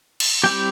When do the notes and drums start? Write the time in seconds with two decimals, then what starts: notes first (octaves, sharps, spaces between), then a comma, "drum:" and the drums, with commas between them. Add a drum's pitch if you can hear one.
0.20 drum: cymbal
0.43 G3 C4 E4 G4 G5